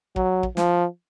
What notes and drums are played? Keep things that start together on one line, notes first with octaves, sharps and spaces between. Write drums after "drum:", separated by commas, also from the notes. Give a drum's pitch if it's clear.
F#3, drum: kick
drum: kick
F3, drum: snare